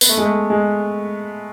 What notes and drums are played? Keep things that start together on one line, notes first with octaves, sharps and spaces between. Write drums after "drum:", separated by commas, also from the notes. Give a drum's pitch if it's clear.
B3, drum: tambourine
A3
G#3
A3
G#3